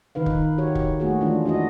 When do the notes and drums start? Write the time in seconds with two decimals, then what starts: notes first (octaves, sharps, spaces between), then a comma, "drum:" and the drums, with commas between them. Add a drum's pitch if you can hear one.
0.15 D#3 D#4 B4 F5
0.26 drum: kick
0.58 D#4 F#4 G4 C#5
0.75 drum: kick
1.00 A3 A#3 F#4 G#4
1.21 E3 G#3 A3 D4 F4
1.45 D4 E4 F#4 D#5